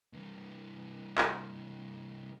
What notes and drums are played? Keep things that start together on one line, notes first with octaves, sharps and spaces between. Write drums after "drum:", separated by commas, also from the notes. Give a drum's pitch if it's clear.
C2 E3
drum: clap